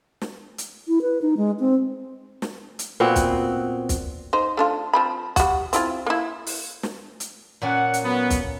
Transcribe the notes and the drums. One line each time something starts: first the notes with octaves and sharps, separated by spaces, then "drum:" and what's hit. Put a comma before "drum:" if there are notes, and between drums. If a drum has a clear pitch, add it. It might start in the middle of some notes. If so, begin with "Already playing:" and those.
drum: snare
drum: hi-hat
E4
B4
D#4
G#3
C4
drum: snare
drum: hi-hat
A#2 B3 C4 F#4
drum: kick, hi-hat
drum: kick, hi-hat
D#4 C5
A3 D4 F4
F3 C4 B5
G3 F#4, drum: kick, hi-hat
C4 E4 F4, drum: hi-hat
A#3 E4
drum: open hi-hat
drum: snare
drum: hi-hat
A#2 C#4 F#5
drum: hi-hat
F#3 B3
drum: kick, hi-hat